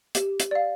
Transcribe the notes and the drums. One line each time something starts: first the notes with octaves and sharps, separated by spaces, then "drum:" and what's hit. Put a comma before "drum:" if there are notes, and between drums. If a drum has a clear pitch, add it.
G4, drum: hi-hat
drum: hi-hat
D5 F5